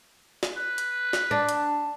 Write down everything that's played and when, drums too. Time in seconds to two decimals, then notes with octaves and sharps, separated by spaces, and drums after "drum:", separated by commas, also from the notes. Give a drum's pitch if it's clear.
0.43 drum: snare
0.57 B4
0.78 drum: hi-hat
1.13 drum: snare
1.31 D4 A5
1.49 drum: hi-hat